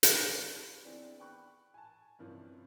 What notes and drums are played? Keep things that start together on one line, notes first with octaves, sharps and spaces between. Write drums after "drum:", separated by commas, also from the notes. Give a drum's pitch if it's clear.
drum: hi-hat
A4 B4 C#5 F5
B3 C4 D4 E4 G#4 D5
G5 B5 C#6 F#6
G#5 A5
G2 C3 F3 C#4 E4